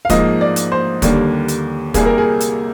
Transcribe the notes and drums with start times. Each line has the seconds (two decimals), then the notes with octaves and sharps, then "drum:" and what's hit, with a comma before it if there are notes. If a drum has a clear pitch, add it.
0.05 F5
0.09 G#2 F3 A#3 D#5, drum: kick, hi-hat
0.41 D5
0.56 drum: hi-hat
0.72 C5
1.02 D#2 D3 G3 A#3, drum: kick, hi-hat
1.48 drum: hi-hat
1.94 C2 C3 G3 A#3 G#4, drum: kick, hi-hat
2.06 A#4
2.18 G#4
2.40 drum: hi-hat